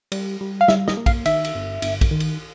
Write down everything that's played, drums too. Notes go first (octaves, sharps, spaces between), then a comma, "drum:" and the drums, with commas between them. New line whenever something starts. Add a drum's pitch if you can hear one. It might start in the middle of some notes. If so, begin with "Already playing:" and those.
G3, drum: cymbal
G3
F5
G3 E5, drum: snare
D#5, drum: snare
A#3
F5, drum: kick, cymbal
D#3 E5, drum: cymbal
drum: cymbal
G1
G1, drum: cymbal
drum: kick, cymbal
D#3
drum: cymbal